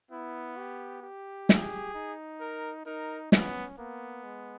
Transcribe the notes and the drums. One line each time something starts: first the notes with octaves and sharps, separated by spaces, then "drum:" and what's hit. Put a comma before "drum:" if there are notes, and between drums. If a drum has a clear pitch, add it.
B3 E4
G4
G4
G#4, drum: snare
D#4
A#4
D#4 A#4
B3 C#4, drum: snare
A#3 B3
G#3